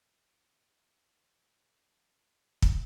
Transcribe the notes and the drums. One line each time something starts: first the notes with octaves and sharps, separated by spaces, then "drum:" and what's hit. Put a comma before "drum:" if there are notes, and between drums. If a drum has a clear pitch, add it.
F4 A5
G4
F3 E5 F#5 G#5
B2 D#3 C#4 C6
drum: kick